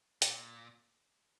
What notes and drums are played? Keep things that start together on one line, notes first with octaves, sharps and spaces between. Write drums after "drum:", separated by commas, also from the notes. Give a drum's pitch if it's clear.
A#2, drum: hi-hat